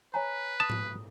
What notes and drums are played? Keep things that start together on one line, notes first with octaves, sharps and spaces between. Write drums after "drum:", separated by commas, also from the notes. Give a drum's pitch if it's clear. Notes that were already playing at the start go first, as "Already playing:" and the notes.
B4 C#5 G#5 A#5
A5 D#6
drum: tom G#2